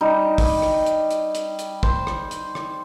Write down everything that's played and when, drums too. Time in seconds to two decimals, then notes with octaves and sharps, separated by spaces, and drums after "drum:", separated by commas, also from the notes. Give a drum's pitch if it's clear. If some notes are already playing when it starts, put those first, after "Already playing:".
0.01 G3 D#4
0.38 drum: kick, open hi-hat
0.62 drum: rim click
0.86 drum: hi-hat
1.11 drum: hi-hat
1.35 drum: hi-hat
1.59 drum: hi-hat
1.83 C5, drum: kick
2.07 drum: rim click
2.31 drum: hi-hat
2.55 drum: rim click